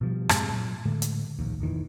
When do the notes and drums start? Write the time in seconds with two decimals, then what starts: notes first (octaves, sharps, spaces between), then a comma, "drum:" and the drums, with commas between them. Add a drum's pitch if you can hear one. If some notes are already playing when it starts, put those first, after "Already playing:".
0.01 B2 F3 G3
0.29 F#2 A2 C3 G#3, drum: rim click
0.50 A#2 F#3
0.86 A2 D3 G#3 A3
1.02 drum: hi-hat
1.39 D1 A#1 D#2
1.60 F1 A#2 D#3 E3